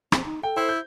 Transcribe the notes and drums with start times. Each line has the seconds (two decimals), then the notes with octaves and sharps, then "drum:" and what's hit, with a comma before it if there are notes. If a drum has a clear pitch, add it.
0.12 C4, drum: rim click
0.25 D#4
0.43 A4 G5
0.57 E4 C5
0.69 G6